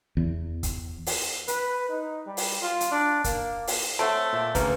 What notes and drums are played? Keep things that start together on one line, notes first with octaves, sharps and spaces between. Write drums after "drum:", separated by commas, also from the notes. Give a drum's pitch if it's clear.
E2
drum: kick, hi-hat
drum: open hi-hat
B4, drum: hi-hat
D#4
G3
drum: open hi-hat
F4
drum: hi-hat
D4
A#3, drum: kick, hi-hat
drum: open hi-hat
A3 C4 A4 C#5 F#5 A5
A#2 E5 G6
D2 C#3 A#3 B4, drum: kick, hi-hat